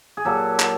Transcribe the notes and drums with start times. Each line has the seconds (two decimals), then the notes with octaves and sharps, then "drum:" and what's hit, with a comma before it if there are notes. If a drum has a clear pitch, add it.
0.17 G#4
0.25 A#2 F#3 G4 A4
0.60 drum: clap